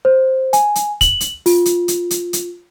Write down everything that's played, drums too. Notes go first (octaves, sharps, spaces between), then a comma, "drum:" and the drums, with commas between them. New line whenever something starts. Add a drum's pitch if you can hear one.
C5
G#5, drum: hi-hat
drum: hi-hat
F#7, drum: kick, hi-hat
drum: hi-hat
F4, drum: open hi-hat
drum: hi-hat
drum: hi-hat
drum: hi-hat
drum: hi-hat